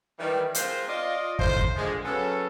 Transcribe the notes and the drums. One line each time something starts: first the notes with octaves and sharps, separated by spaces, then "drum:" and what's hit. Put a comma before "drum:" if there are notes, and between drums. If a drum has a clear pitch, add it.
D#3 E3 G3
G#3 C4 F4 A#4 C5, drum: hi-hat
F4 D5 D#5
A2 D#4 F4 C5, drum: kick
drum: kick
A#2 D3 F3 G#3
C#3 F#3 B3 C#4 A4